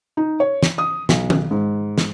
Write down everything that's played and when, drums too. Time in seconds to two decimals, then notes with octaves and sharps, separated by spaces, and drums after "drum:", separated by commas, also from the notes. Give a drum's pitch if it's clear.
0.17 D#4
0.40 C#5
0.63 drum: snare
0.78 D#6
1.09 B1, drum: snare
1.30 drum: tom D#3
1.51 G#2
1.98 drum: snare